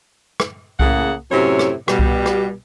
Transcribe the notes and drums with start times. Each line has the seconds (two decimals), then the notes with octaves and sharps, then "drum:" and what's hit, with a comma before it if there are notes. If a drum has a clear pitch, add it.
0.40 drum: rim click
0.80 A2 C#3 A#3 G#4 F#5, drum: kick C2
1.32 F#2 A2 C3 E4 C#5
1.59 drum: rim click
1.88 B2 G3, drum: rim click
1.99 drum: kick C2
2.26 drum: rim click